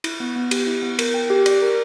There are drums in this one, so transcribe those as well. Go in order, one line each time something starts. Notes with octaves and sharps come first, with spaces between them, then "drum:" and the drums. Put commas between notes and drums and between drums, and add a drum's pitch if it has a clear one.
E4, drum: cymbal
B3
B3
G4, drum: cymbal
E4
B3
A#4, drum: cymbal
G5
G4
D5, drum: cymbal
A#4